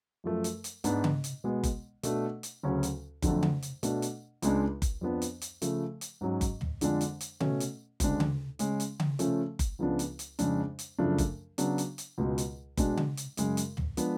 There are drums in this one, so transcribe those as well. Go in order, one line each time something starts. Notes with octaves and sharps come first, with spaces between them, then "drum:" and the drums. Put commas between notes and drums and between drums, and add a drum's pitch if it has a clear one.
F#2 F3 A3
drum: hi-hat
drum: hi-hat
G#2 G#3 B3 D4, drum: hi-hat
drum: tom C#3
drum: hi-hat
B2 G#3 B3
drum: kick F#1, hi-hat
B2 A3 D4, drum: hi-hat
drum: hi-hat
D2 C#3 F#3 C#4
drum: hi-hat
F2 D3 F#3 A3 D4, drum: kick F#1, hi-hat
drum: tom C#3
drum: hi-hat
B2 A3 D4, drum: hi-hat
drum: hi-hat
C#2 C#3 G#3 D4, drum: hi-hat
drum: kick F#1, hi-hat
F2 F3 B3 D4
drum: hi-hat
drum: hi-hat
C#3 F3 A3, drum: hi-hat
drum: hi-hat
G#2 F#3 C#4
drum: kick F#1, hi-hat
drum: tom
F2 D3 F3 G#3 D4, drum: hi-hat
drum: hi-hat
drum: hi-hat
B2 A3 C#4, drum: tom C#3
drum: hi-hat
D2 C#3 G#3 D4, drum: kick F#1, hi-hat
drum: tom C#3
C#3 G#3 C#4, drum: hi-hat
drum: hi-hat
drum: tom C#3
C#3 F3 A3 C#4, drum: hi-hat
drum: kick F#1, hi-hat
C#2 C#3 F3 B3 D4
drum: hi-hat
drum: hi-hat
F2 C#3 G#3 D4, drum: hi-hat
drum: hi-hat
F#2 C#3 F3 A3 D4
drum: kick F#1, hi-hat
C#3 F#3 B3 D4, drum: hi-hat
drum: hi-hat
drum: hi-hat
C#2 B2 G#3
drum: hi-hat
B2 G#3 D4, drum: kick F#1, hi-hat
drum: tom C#3
drum: hi-hat
F#2 C#3 G#3, drum: hi-hat
drum: hi-hat
drum: tom
F3 G#3 B3 D4, drum: hi-hat